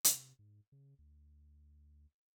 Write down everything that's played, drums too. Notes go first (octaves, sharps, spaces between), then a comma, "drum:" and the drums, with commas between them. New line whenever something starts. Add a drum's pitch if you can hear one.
C3, drum: hi-hat
G#2
C#3
D2